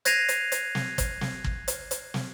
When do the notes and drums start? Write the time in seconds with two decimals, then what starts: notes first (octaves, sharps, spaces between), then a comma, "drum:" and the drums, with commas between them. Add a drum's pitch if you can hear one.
0.05 F#6 G#6 A#6 C7 D#7 F7, drum: hi-hat
0.28 drum: hi-hat
0.52 drum: hi-hat
0.75 drum: snare
0.98 drum: kick, hi-hat
1.21 drum: snare
1.44 drum: kick
1.68 drum: hi-hat
1.91 drum: hi-hat
2.14 drum: snare